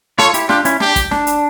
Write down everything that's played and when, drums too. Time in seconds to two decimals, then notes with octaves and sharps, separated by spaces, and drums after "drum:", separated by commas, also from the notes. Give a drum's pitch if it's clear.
0.18 F4 A4 C#5, drum: snare
0.34 E4 G4, drum: hi-hat
0.49 D4 F4 G4, drum: snare
0.65 C#4 E4, drum: hi-hat
0.80 D4 G4, drum: snare
0.96 drum: kick, hi-hat
1.11 D4, drum: snare
1.27 drum: hi-hat